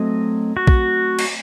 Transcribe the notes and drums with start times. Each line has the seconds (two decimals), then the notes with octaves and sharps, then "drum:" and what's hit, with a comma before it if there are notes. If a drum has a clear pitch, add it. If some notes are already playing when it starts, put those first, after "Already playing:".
Already playing: F#3 A3 C4 D#5
0.57 F#4
0.67 drum: kick
1.19 drum: cymbal